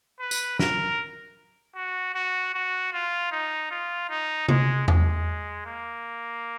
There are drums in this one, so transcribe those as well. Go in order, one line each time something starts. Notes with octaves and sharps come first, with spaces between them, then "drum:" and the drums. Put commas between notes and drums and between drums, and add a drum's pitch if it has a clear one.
B4
drum: tambourine
A#4, drum: snare
F#4
F#4
F#4
F4
D#4
F4
D#4
G#3, drum: tom C3
G#3, drum: tom E2
A#3